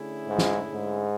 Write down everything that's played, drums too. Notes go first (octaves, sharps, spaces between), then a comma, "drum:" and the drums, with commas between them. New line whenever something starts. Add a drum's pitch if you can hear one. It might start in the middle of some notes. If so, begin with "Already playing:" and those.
Already playing: D3 A3 C#4 E4 G#4
G#2
drum: snare F4
G#2